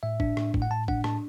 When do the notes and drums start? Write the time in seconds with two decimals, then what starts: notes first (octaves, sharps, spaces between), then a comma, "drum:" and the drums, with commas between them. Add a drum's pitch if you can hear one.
0.03 A2 E5
0.20 D4, drum: kick
0.37 A2, drum: rim click
0.54 A2, drum: kick
0.62 F#5
0.71 A2 A5
0.88 D4 F#5, drum: kick
1.04 A2 A5, drum: rim click